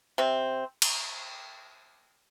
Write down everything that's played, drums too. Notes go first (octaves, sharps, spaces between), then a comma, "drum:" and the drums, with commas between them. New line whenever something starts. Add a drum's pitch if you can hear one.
C3 C4
drum: cymbal